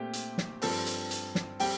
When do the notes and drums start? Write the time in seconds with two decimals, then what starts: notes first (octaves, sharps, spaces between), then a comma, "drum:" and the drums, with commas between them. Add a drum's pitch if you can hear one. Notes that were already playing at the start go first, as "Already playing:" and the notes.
Already playing: A#2 A3 C4 G4 G5
0.13 drum: hi-hat
0.38 drum: snare
0.62 G2 F3 C4 A4 A5, drum: open hi-hat
0.86 drum: hi-hat
1.11 drum: hi-hat
1.35 drum: snare
1.60 G3 C4 G4 G5, drum: open hi-hat